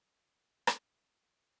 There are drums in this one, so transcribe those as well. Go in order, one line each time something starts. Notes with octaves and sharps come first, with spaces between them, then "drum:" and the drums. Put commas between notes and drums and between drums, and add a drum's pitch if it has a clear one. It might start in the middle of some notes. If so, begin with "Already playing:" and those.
B4 D5 D6 G6
drum: rim click